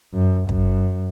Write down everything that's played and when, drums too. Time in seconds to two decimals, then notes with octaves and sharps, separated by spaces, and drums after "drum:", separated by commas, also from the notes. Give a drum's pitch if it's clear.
0.14 F#2
0.49 F#2, drum: kick